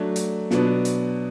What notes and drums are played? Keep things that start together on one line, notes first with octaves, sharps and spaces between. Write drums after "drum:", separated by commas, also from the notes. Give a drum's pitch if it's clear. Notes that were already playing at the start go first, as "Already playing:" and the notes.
Already playing: F#3 A3 D4
drum: hi-hat
B2 F#3 B3 D4, drum: snare
drum: hi-hat